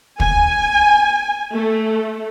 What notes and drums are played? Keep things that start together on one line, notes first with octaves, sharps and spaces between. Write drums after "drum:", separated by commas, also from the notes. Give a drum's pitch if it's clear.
G#5, drum: kick
A3